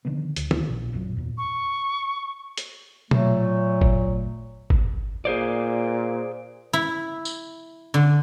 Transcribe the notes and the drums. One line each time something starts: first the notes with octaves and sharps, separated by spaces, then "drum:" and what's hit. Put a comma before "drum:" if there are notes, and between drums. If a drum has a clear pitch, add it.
D3 D#3 F3 B3
D2, drum: hi-hat
drum: tom
A#1 A#2
A1 F#2 A#2 F#3
E2 A#2
C#6
drum: hi-hat
A#2 F#3 A3, drum: tom B2
drum: kick G1
drum: kick G1
A#2 G#4 C5 D5
E4
drum: tambourine
D3